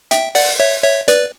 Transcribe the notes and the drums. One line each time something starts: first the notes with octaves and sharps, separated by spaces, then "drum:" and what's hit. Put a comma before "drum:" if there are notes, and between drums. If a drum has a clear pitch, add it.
E5 G5, drum: hi-hat
D5 F#5, drum: open hi-hat
C#5 E5
C#5 E5
B4 D5, drum: hi-hat